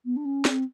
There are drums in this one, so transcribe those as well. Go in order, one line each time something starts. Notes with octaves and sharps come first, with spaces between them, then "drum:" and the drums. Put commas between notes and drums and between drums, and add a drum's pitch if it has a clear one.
B3
D4
C#4
C4, drum: snare